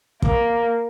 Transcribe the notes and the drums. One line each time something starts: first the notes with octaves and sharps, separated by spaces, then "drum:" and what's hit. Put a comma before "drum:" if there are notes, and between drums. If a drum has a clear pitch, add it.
A#3, drum: kick